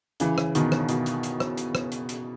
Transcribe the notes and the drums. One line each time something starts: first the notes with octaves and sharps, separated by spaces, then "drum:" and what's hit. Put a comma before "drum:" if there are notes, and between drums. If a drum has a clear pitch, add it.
C#3 E3, drum: hi-hat
drum: rim click
B2 D#3, drum: hi-hat
drum: rim click
B2, drum: hi-hat
drum: hi-hat
drum: hi-hat
drum: rim click
drum: hi-hat
drum: rim click
drum: hi-hat
drum: hi-hat